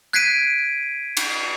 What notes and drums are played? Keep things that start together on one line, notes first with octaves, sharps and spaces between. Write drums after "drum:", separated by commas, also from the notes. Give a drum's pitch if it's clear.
F#6 G#6 B6 C7 D7 D#7
drum: cymbal